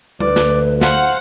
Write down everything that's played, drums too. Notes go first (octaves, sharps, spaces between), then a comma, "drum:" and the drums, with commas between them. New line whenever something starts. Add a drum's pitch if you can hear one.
D2 B4 D5, drum: tom G3
drum: snare
C5 F5 F#5, drum: snare